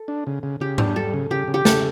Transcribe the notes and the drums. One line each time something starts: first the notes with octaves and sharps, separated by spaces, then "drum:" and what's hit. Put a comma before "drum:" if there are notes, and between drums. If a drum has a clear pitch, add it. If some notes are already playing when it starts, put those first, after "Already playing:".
Already playing: A4
D4
C#3
C#3
C#3 G4
D4, drum: tom G#2
G3 A4
C#3
C#3 G4
C#3
G4
C#3 A4, drum: snare